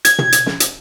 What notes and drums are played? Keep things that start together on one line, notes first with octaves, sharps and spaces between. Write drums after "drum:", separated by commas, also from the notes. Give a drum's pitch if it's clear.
G#6, drum: hi-hat
drum: tom
drum: hi-hat
drum: snare
drum: hi-hat